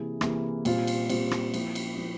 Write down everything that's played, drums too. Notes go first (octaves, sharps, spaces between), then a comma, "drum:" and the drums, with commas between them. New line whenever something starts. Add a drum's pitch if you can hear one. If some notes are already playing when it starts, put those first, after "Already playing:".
Already playing: C3 E3 A#3 E4 G#4
C3 E3 A#3 E4 G#4, drum: rim click
A#2 G3 C4 F4, drum: cymbal
drum: cymbal
A#2 G3 C4 F4, drum: cymbal
drum: rim click
F3 A#3 E4, drum: cymbal
drum: cymbal
F3 A#3 E4